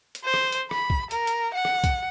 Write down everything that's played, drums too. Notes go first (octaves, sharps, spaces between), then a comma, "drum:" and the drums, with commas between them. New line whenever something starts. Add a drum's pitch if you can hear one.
drum: hi-hat
C5
drum: rim click
drum: hi-hat
B5, drum: rim click
drum: kick
A#4, drum: hi-hat
drum: hi-hat
F#5
drum: rim click
drum: kick, hi-hat